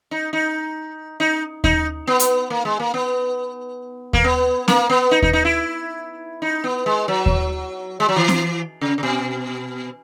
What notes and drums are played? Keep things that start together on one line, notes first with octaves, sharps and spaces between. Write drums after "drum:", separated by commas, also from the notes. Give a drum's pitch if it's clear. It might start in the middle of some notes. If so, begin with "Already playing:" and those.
D#4
D#4
D#4
D#4, drum: kick D#2
B3
drum: hi-hat
A#3
G#3
A#3
B3
A#3, drum: kick D#2
B3
A#3, drum: snare C4
B3
D#4
D#4, drum: kick D#2
D#4
E4
D#4
B3
G#3
F#3
drum: kick D#2
G#3
F#3
E3
drum: snare C4
C#3
C#3
B2